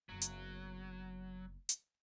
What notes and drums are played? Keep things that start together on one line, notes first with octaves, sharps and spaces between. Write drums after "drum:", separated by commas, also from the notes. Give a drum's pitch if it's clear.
F#1 F#3 B3
drum: hi-hat
drum: hi-hat